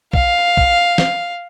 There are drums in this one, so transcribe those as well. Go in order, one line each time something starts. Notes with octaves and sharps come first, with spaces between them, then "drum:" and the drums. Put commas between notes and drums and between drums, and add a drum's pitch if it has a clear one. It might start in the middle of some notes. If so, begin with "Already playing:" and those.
F5, drum: kick
drum: kick
drum: snare